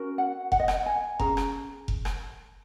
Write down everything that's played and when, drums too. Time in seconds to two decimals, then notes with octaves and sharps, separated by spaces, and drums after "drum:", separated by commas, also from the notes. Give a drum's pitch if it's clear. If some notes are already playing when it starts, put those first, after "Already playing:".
Already playing: C#4 F#4 A#4
0.18 F#5
0.52 F#5, drum: kick F1
0.60 D#5
0.68 F#5, drum: rim click
0.86 G#5
1.19 C#4 G#4 A#5, drum: kick F1
1.37 drum: rim click
1.88 drum: kick F1
2.05 drum: rim click